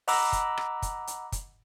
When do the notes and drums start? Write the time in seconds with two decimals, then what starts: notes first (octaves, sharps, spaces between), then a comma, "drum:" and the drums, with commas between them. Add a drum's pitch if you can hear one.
0.08 D#5 F#5 A#5 B5 D6 E6, drum: open hi-hat
0.33 drum: kick, hi-hat
0.57 drum: rim click
0.82 drum: kick, hi-hat
1.07 drum: hi-hat
1.32 drum: kick, hi-hat